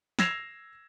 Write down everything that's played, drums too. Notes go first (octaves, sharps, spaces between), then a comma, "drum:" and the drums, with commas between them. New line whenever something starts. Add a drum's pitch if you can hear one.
E6 G#6 A#6 C7 E7 F7, drum: snare